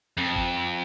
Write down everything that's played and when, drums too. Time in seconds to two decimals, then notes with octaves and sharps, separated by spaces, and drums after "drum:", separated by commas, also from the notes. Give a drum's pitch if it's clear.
0.17 F2
0.36 drum: kick G1